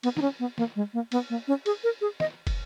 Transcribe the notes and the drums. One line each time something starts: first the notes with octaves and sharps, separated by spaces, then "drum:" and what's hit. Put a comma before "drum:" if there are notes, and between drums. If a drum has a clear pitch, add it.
B3, drum: cymbal
D#4, drum: snare
C#4
B3
A#3, drum: snare
G#3
A#3
B3, drum: cymbal
A#3
C#4
G#4, drum: cymbal
A#4
G#4
D#5, drum: snare
drum: kick, cymbal